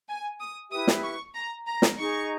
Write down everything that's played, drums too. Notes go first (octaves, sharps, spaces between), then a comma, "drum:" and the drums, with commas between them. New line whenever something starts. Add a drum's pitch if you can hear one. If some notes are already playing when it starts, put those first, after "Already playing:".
G#5
D#6
E4 G4 B4 E5 D#6
drum: snare
C#6
A#5
A#5
drum: snare
D#4 G#4 D#5 A#5 C#6